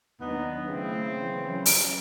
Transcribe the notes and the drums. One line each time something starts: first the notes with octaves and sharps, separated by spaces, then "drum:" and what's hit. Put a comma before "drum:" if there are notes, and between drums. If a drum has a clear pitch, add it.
D#2 F#3 B3 D4 D#4
C#3 A3 C4 E4
E3 F#3 C#4
drum: open hi-hat